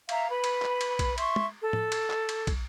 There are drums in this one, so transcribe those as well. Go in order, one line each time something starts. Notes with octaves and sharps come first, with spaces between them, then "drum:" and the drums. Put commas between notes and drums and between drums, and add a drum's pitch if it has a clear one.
E5 F5 A#5, drum: cymbal
B4 B5
drum: cymbal
drum: clap
drum: cymbal
drum: kick, cymbal
E5 C6 C#6, drum: cymbal
drum: tom
A4
drum: tom A2
drum: cymbal
drum: clap
drum: cymbal
drum: kick, cymbal